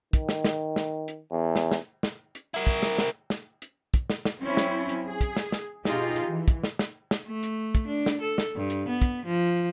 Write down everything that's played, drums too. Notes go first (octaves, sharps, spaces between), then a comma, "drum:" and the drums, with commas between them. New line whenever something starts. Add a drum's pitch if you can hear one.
D#3, drum: kick, hi-hat
drum: snare
drum: snare
drum: snare
drum: hi-hat
E2
drum: snare
drum: snare
drum: snare
drum: hi-hat
E4 A#4
drum: kick, hi-hat
drum: snare
drum: snare
drum: snare
drum: hi-hat
drum: kick, hi-hat
drum: snare
drum: snare
F#3 C4 C#4 E4
drum: snare
drum: hi-hat
G#4
drum: kick, hi-hat
drum: snare
drum: snare
B2 D#4 F4 G4 G#4, drum: snare
drum: hi-hat
E3
drum: kick, hi-hat
drum: snare
drum: snare
drum: snare
A3
drum: hi-hat
drum: kick, hi-hat
D4
drum: snare
A4
drum: snare
G2
drum: hi-hat
B3
drum: kick, hi-hat
F3